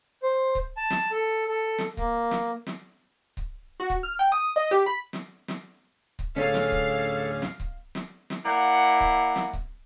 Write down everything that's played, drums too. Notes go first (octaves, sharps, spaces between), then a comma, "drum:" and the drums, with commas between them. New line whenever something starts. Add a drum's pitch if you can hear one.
C5
drum: kick C#1
A5
drum: snare
A4
A4
drum: snare
A#3, drum: kick C#1
drum: snare
drum: snare
drum: kick C#1
F#4
drum: kick C#1
F6
G5
D#6
D#5
G4
B5
drum: snare
drum: snare
drum: kick C#1
D2 A2 C#4 G#4 A4 F5
drum: snare
drum: kick C#1
drum: snare
drum: kick C#1
drum: snare
drum: snare
A#3 E4 D5 F#5
drum: kick C#1
drum: snare
drum: kick C#1